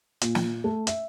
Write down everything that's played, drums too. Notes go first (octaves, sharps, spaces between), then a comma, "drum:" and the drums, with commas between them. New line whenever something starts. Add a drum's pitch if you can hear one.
A#2, drum: hi-hat
drum: snare
A3
E5, drum: hi-hat